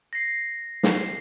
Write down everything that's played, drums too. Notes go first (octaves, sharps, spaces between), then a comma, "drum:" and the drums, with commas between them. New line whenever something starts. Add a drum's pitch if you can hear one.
A#6 C7
drum: snare